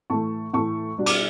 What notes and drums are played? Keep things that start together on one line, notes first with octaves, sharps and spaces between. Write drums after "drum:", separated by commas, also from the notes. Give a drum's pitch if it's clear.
A2 E3 A3 A5 C#6
A2 E3 A3 A5 C#6
B2 G3 D4
D6, drum: cymbal